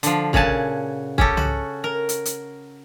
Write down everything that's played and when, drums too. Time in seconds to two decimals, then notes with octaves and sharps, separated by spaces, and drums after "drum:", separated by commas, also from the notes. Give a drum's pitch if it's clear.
0.03 D3 F3, drum: hi-hat
0.33 A#2 C#3 F#4 G#5 A5, drum: kick
1.18 C#4 G4 A4, drum: kick
1.37 F#4, drum: tom C2
1.84 A#4
2.09 drum: hi-hat
2.25 drum: hi-hat